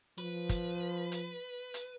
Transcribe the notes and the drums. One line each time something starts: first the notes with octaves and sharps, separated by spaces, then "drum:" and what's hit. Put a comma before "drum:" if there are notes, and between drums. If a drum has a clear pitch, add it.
F3 B4
drum: kick, hi-hat
drum: hi-hat
drum: hi-hat